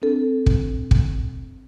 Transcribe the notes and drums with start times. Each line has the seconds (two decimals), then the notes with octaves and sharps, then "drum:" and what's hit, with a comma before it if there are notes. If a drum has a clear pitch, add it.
0.02 C4 D4 A4
0.46 drum: kick
0.91 drum: kick